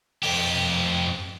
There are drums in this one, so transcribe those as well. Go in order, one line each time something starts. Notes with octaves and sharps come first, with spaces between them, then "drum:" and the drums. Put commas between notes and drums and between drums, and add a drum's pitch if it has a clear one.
F2 G4, drum: open hi-hat